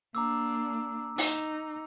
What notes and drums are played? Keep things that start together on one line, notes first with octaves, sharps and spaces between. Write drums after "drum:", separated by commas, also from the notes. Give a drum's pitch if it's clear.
A#3 D4 A#5 D6 E6
D#4, drum: open hi-hat